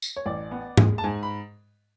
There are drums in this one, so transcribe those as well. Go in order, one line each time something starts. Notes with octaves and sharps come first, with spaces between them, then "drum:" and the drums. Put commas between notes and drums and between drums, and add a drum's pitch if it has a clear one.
drum: tambourine
C#5
A1 D5
B3
G#3, drum: tom G#2
A5
G#2 G#5
B5